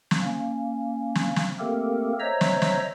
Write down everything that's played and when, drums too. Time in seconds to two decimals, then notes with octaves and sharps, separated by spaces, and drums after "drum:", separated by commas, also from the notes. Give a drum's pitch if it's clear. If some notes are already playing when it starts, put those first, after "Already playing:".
0.11 drum: snare
0.21 A#3 C#4
1.15 drum: snare
1.36 drum: snare
1.59 A3 A#3 C4 G4 A4 A#4
2.20 C5 C#5 D#5 E5 A#5 E6
2.41 drum: snare
2.62 drum: snare